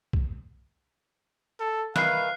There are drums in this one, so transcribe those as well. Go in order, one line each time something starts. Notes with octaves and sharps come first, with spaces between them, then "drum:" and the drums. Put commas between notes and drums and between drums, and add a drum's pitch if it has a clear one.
drum: kick B1
A4
D#3 E3 B4 F5 F#6 C7, drum: snare